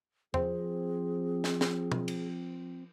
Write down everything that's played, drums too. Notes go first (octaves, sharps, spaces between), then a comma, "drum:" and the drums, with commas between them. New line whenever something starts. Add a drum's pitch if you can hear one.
F3 C4 G#4, drum: tom
drum: snare
drum: snare
drum: tom
drum: cymbal